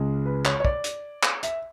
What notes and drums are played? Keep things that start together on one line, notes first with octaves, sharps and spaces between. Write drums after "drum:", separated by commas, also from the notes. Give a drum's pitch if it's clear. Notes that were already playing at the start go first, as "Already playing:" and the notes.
Already playing: C#2 C#3 G#3
B4
C#5, drum: clap
C#5
D5, drum: kick
drum: hi-hat
drum: clap
E5, drum: hi-hat